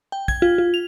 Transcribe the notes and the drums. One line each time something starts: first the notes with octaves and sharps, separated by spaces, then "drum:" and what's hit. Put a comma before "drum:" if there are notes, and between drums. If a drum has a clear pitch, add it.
G5
G#6, drum: kick
F4
F4
F7